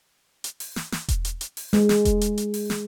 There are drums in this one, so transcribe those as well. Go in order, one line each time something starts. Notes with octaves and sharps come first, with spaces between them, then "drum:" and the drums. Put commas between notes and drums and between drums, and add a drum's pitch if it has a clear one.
drum: hi-hat
drum: open hi-hat
drum: snare
drum: snare
drum: kick E1, hi-hat
drum: hi-hat
drum: hi-hat
drum: open hi-hat
G#3, drum: snare
drum: snare
drum: kick E1, hi-hat
drum: hi-hat
drum: hi-hat
drum: open hi-hat
drum: snare